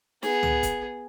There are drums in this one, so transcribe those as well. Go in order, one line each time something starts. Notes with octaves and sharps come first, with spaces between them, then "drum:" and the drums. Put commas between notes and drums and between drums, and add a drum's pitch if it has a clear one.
B3 G#4, drum: snare
drum: tom
drum: kick, hi-hat